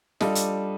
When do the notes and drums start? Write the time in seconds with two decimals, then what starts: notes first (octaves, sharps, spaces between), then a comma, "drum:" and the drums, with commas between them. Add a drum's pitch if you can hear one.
0.20 G3 D4 F4 A4 D#5, drum: snare
0.35 drum: hi-hat